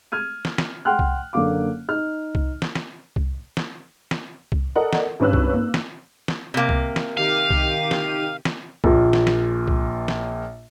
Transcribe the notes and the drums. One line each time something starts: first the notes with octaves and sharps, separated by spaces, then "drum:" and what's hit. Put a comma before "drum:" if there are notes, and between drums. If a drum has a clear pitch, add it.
F6 G#6 D#7
drum: snare
drum: snare
F#5 G5 C6 F6 F#6
drum: kick C2
F#1 D3 A#3 F5 D6
D#4 F6
drum: kick C2
drum: snare
drum: snare
drum: kick C2
drum: snare
drum: snare
drum: kick C2
A4 A#4 D5 D#5 F#5
drum: snare
G#1 G2 C#4 B4 E6 F#6
drum: kick C2
A#3
drum: snare
drum: snare
C3 A#3
drum: kick C2
drum: snare
D#3 G4 F5 D#7
drum: kick C2
drum: snare
drum: snare
A#1 A#2, drum: kick C2
drum: snare
drum: snare
drum: kick C2
drum: snare